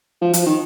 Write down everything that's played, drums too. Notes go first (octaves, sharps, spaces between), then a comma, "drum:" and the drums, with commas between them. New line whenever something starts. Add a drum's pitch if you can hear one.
F3
F3, drum: hi-hat
D#3